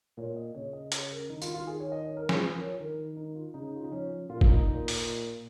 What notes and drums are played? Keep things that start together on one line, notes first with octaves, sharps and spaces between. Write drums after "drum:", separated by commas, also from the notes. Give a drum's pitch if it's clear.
A#2 C#5
D#5
C#3 C#5
D#5
C#5, drum: hi-hat
A#4
D#3 D#4
F4, drum: tambourine
F4
A#4
G#4
C#5
D#5
C#5
A#4
G#4, drum: snare
F3 F4
A#4
C#5
D#3 A#4
D#4
F4
C#3 D#4
F4
D#4
F3 C#4
A#2 F4
F4, drum: kick
D#4
A#2
drum: open hi-hat